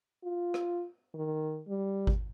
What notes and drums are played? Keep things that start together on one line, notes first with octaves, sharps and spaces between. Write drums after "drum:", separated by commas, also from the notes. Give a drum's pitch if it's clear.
F4
drum: rim click
D#3
G3
drum: kick G#1